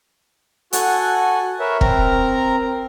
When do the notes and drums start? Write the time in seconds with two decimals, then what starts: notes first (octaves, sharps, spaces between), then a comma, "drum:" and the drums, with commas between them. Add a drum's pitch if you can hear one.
0.73 F#4 A4 F#5 G#5, drum: hi-hat
1.60 A#4 B4 C#5 E5
1.81 C4 A#4 A#5, drum: kick